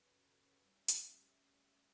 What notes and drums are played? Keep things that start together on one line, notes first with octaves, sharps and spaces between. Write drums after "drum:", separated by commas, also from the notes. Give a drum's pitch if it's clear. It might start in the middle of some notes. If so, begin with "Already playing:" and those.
Already playing: F#2 C#3 F#3 C#4 A4 B4 C#5
C#5
A2 G3 C#4 E5
drum: hi-hat